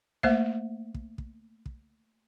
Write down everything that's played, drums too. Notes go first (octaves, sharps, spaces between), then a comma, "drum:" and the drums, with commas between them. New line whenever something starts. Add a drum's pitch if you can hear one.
A3 A#3 C5 E5, drum: kick
drum: kick
drum: kick
drum: kick